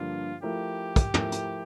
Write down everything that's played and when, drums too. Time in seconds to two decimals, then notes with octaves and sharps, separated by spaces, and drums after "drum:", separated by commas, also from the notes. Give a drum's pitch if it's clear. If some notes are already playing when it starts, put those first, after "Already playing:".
Already playing: G2 D3 F3 A#3 D4 F4
0.43 F3 A3 E4 G4 A#4
0.96 drum: kick, hi-hat
1.14 F3 A3 E4 A#4, drum: tom
1.32 drum: hi-hat